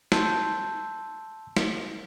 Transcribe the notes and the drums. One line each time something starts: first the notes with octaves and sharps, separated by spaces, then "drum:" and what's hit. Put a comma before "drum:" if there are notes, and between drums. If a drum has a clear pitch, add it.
A5 C6 E6 G6, drum: snare
drum: snare